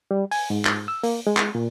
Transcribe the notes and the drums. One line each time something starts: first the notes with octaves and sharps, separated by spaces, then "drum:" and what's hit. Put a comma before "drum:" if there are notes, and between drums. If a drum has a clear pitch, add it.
G3
G#5, drum: open hi-hat
G#2
drum: clap
E6
A#3, drum: open hi-hat
G#3
drum: clap
A#2